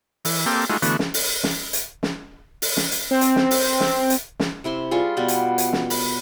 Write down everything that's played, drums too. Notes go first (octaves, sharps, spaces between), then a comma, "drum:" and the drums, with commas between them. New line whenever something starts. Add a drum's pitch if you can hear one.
E3, drum: open hi-hat
A#3 C4 G4 A4
G#3 A3 D#4 F4 F#4
D3 E3 A3 B3 F#4, drum: hi-hat
drum: snare
drum: open hi-hat
drum: snare
drum: hi-hat
drum: snare
drum: open hi-hat
drum: snare
drum: hi-hat
C4
drum: hi-hat
drum: snare
drum: open hi-hat
drum: snare
drum: hi-hat
drum: snare
C3 E4 E5 C6
G3 F4 G#4 C#6
B2 G3 B3
drum: hi-hat
drum: hi-hat
drum: snare
B5, drum: open hi-hat